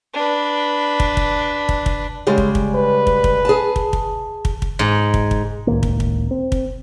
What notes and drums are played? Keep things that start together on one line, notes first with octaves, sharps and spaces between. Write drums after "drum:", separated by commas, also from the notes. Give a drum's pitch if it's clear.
D4 B4
drum: kick
drum: kick
drum: kick
drum: kick
C#3 G3 G#3
drum: kick
drum: kick
B4
drum: kick
drum: kick
G#4 A5
drum: kick
drum: kick
drum: kick
drum: kick
G#2
drum: kick
drum: kick
C#2 A2 D#3 A#3
drum: kick
drum: kick
C4
drum: kick